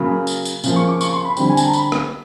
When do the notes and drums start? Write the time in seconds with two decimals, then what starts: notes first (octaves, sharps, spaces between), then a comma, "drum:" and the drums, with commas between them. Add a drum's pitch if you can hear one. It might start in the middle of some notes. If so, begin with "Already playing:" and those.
Already playing: C#3 F#3 A#3 B5
0.27 drum: tambourine
0.45 drum: tambourine
0.64 C#3 F3 A#3, drum: tambourine
0.76 C#6
0.88 D6
1.01 C#6, drum: tambourine
1.13 C6
1.24 B5
1.37 D3 G3 C4 B5, drum: tambourine
1.49 G#5
1.57 A5, drum: tambourine
1.66 A#5
1.73 B5, drum: tambourine
1.92 drum: rim click